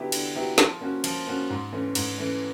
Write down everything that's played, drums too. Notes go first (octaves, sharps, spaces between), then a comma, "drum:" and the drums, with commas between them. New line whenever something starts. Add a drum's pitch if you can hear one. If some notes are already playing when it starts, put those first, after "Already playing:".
Already playing: D3 F#3 B3 E4 G4
D3, drum: cymbal
F#3 B3 E4 G4
F3, drum: snare
A#3 C#4 F#4
F3, drum: cymbal
A#3 C#4 F#4
G#2
E3 A3 C#4
G#2, drum: cymbal
E3 A3 C#4